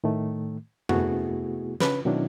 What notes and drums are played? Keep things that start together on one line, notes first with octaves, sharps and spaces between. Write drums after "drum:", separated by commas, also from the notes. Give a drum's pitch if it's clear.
A2 D#3 A3
C3 A3 B3 E4 F#4 G#4, drum: tom F2
C#3 C#4 B4, drum: snare
B2 D#3 F#3 C#4 D4 E4